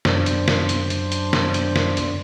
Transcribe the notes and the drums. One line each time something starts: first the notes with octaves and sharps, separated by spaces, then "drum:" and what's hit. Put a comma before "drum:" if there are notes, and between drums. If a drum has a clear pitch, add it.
F#2 D4 C5, drum: snare
drum: hi-hat
drum: snare
drum: hi-hat
drum: hi-hat
drum: hi-hat
drum: snare
drum: hi-hat
drum: snare
drum: hi-hat